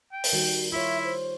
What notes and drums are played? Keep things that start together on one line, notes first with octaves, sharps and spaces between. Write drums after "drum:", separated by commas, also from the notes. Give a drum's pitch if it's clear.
G5
drum: open hi-hat
D#3 G3 F#4
E4 F4 C#5 E5
C5